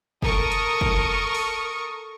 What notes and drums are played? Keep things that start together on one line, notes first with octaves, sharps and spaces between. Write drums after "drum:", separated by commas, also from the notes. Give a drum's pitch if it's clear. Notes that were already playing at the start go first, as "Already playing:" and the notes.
A4 A#4 C#6 D#6, drum: kick
drum: hi-hat
drum: kick
drum: open hi-hat